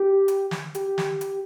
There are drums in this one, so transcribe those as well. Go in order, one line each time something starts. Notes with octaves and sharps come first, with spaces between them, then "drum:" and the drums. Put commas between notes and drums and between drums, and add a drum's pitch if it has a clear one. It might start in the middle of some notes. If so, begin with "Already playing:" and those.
Already playing: G4
drum: hi-hat
drum: snare
G4, drum: hi-hat
drum: snare
drum: hi-hat